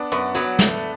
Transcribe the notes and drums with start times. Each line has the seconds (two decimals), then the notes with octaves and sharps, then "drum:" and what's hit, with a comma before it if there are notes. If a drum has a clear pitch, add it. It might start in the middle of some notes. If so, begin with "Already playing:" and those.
Already playing: B3 D4
0.12 F#2 B3
0.35 F#3 B3, drum: hi-hat
0.59 A3, drum: snare